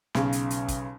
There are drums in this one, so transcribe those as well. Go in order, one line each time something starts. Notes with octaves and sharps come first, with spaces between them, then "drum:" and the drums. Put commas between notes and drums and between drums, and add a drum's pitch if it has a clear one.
B1 C#3, drum: snare
drum: hi-hat
drum: hi-hat
drum: kick, hi-hat